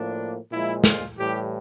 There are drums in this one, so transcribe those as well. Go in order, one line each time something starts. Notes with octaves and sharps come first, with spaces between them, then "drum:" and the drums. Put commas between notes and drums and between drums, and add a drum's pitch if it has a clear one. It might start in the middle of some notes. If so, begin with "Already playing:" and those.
Already playing: A2 F3 A#3 D4
A#2 F3 G#3 E4
F4, drum: snare
A2 E3 G3 G4